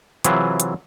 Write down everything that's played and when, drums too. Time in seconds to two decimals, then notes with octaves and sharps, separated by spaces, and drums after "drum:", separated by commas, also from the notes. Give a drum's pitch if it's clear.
0.24 C3 E3 F#3 E4 F4 G#4, drum: hi-hat
0.60 drum: hi-hat